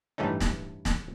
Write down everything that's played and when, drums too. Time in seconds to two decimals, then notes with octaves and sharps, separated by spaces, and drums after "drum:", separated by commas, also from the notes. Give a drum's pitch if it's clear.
0.18 A1 G2 E3 A3 C#4 D#4
0.40 drum: snare
0.85 drum: snare